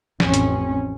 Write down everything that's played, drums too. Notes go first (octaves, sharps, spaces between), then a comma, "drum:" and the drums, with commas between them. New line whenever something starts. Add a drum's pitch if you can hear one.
A1 F2 A2 C4 C#4, drum: snare
drum: hi-hat